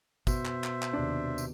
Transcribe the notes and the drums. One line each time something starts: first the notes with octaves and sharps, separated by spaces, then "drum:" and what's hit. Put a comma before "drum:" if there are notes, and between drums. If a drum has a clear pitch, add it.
B2 C5 E5, drum: kick, tambourine
drum: clap
drum: clap
drum: clap
D#2 C3 D4
drum: tambourine